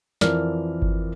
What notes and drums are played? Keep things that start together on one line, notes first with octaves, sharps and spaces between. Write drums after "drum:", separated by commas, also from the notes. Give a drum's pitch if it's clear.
F2 E3 A#4 D5 F6, drum: snare
drum: kick G1